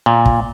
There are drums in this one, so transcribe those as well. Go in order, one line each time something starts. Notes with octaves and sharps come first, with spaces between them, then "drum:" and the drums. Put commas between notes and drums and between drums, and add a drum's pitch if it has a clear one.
A#2
drum: kick